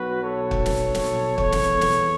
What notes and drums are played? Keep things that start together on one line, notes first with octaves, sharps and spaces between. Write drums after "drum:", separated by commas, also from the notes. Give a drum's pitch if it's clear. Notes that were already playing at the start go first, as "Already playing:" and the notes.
Already playing: B1 B2 F#3 F#4 B4
A4 C#5
drum: kick
drum: snare
drum: snare
E2 E3 A4 C#5, drum: kick
drum: snare
drum: snare